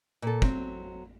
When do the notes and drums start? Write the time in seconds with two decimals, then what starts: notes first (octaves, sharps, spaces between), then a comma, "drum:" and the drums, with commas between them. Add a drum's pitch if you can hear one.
0.22 A#2 A4
0.42 F#3 C4, drum: kick